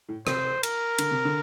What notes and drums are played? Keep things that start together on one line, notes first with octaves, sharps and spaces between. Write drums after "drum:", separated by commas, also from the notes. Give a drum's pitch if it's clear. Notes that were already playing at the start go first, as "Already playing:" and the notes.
A2
C3 C5, drum: rim click
A#4, drum: cymbal
D3, drum: cymbal
C3
D3